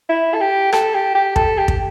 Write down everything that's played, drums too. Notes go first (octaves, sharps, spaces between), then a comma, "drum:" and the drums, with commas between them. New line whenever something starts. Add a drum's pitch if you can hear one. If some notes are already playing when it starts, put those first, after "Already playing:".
E4
A4
G4
A4, drum: rim click
G4
G4
A4, drum: kick
G4
drum: kick